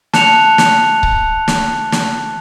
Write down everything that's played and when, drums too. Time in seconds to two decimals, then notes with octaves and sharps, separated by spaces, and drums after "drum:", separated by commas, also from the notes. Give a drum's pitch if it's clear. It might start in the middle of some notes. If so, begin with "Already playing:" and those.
0.13 A5 F#6 C#7 F7, drum: snare
0.58 drum: snare
1.03 drum: kick C#1
1.48 drum: snare
1.92 drum: snare